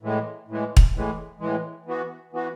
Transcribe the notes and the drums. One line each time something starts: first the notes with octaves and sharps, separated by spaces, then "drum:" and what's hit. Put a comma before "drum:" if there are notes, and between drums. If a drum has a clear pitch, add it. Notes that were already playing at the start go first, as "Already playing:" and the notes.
A2 E3 G#3
A2 E3 G#3
drum: kick
A2 E3 G#3
A2 E3 G#3
E3 B3 F#4
E3 B3 F#4